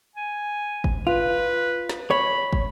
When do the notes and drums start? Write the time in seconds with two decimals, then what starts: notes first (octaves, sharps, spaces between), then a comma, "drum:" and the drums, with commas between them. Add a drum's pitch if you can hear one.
0.16 G#5
0.84 drum: kick
1.07 F4 B4
1.89 drum: snare
2.11 C#5 B5
2.53 drum: kick